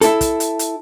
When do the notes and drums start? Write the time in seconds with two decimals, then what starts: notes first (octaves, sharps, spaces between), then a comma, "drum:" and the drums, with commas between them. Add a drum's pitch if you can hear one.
0.01 E4 A4, drum: hi-hat
0.21 drum: kick, hi-hat
0.40 drum: hi-hat
0.59 drum: hi-hat